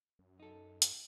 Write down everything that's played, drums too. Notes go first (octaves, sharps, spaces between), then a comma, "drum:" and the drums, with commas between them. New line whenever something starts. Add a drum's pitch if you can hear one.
F#2
D#4 A4
drum: hi-hat